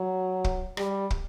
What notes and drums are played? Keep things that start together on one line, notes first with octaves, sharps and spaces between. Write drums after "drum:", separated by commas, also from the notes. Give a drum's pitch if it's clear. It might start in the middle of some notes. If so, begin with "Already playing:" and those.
Already playing: F#3
drum: kick
G3, drum: rim click
drum: kick